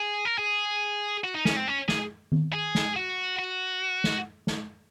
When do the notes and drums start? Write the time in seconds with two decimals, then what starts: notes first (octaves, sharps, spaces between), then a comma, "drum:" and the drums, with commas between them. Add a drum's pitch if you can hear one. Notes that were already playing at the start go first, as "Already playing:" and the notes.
Already playing: G#4
0.25 A#4
0.38 G#4
1.24 F#4
1.34 D#4
1.45 C#4, drum: snare
1.56 C4
1.68 C#4
1.88 G#4, drum: snare
2.32 drum: tom D#3
2.53 G#4
2.75 drum: snare
2.96 F#4
3.39 F#4
4.04 drum: snare
4.47 drum: snare